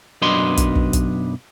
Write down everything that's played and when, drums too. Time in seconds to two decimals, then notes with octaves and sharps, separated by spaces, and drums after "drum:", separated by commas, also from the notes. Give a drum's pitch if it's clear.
0.22 B1 F#2 D4 B4 D#5 C6
0.57 drum: kick, hi-hat
0.75 drum: kick
0.93 drum: kick, hi-hat